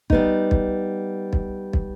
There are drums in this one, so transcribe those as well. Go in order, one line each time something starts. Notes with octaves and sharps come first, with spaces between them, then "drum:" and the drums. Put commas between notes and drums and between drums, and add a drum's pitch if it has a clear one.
G3 B3 D#4, drum: kick
drum: kick
drum: kick
drum: kick